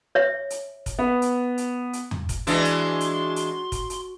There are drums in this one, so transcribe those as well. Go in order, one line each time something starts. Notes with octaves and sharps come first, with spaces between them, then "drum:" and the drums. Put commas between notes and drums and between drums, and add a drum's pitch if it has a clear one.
C#5 E5
drum: hi-hat
drum: kick, hi-hat
B3
drum: hi-hat
drum: hi-hat
drum: hi-hat
drum: tom E2
drum: kick, hi-hat
E3 G#3 D4 F#4 C6, drum: hi-hat
drum: hi-hat
drum: hi-hat
drum: hi-hat
drum: kick, hi-hat
drum: hi-hat